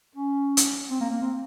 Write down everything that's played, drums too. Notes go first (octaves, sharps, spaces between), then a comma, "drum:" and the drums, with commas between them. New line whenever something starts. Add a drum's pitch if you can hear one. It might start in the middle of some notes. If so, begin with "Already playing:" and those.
C#4
drum: hi-hat
C4
A#3
A#3
C4